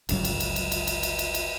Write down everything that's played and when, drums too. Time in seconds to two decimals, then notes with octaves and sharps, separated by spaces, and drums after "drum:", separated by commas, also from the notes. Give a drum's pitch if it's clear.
0.09 G1 C#2 G2 F#3, drum: cymbal
0.25 drum: cymbal
0.40 drum: cymbal
0.56 drum: cymbal
0.72 drum: cymbal
0.87 drum: cymbal
1.03 drum: cymbal
1.19 drum: cymbal
1.34 drum: cymbal